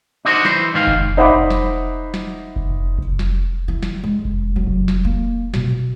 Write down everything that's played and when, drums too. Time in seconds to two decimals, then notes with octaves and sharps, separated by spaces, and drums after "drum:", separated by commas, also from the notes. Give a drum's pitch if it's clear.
0.25 D4 D#4 F#4 C5
0.45 E3 C5, drum: snare
0.74 G#2 D#3 F5
0.87 drum: kick F1
1.17 D#4 C5 E5 F#5 B5 D6
1.29 drum: kick F1
1.50 drum: snare
2.14 drum: snare
2.56 drum: kick F1
2.98 drum: kick F1
3.19 drum: snare
3.68 E3
3.83 drum: snare
4.04 G#3
4.25 drum: kick F1
4.56 F#3
4.67 drum: kick F1
4.88 drum: snare
5.05 A#3
5.54 B2, drum: snare